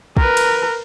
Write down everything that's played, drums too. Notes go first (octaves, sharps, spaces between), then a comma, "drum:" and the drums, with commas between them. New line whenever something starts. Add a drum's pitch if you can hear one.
A#4 B4, drum: kick
drum: cymbal